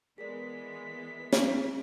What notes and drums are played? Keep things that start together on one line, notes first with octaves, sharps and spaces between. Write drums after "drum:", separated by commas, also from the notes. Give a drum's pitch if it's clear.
E3 G#3 B3 G#4 A#4 D5 B6
drum: snare